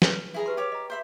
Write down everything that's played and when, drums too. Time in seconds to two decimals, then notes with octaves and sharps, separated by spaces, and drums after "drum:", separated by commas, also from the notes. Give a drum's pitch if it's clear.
0.02 B4, drum: snare
0.34 E4 G#4 A#5
0.46 G4 B4 C6
0.57 G4 B4 C#5 D6
0.72 D#5 A#5
0.90 C5 E5 B5